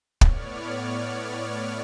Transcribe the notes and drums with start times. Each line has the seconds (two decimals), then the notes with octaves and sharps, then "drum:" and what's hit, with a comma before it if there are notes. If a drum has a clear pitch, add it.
0.21 A2 B3 C#5 D5 F6, drum: kick